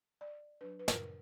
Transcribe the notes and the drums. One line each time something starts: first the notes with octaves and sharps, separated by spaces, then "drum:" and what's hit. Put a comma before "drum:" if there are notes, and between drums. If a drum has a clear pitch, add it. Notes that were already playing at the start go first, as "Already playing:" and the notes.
D5
F#3 D4 B4
B4
A#4, drum: snare